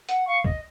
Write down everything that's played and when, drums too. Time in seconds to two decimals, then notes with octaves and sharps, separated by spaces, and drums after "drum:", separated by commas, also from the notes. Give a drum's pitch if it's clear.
0.09 F#5, drum: hi-hat
0.27 F5 C#6
0.44 D#5, drum: kick C#2